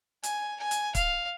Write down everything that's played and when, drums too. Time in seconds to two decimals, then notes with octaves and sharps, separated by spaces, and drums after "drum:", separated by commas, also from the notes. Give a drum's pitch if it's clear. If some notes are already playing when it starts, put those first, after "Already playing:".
0.23 G#5, drum: hi-hat
0.59 G#5
0.71 drum: hi-hat
0.95 F5, drum: kick C#1, hi-hat